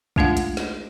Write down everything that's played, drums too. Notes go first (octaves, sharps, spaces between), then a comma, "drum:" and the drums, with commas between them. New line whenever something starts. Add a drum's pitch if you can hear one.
G#3 A3 D4 F4 F5 F#5, drum: kick
drum: hi-hat
drum: snare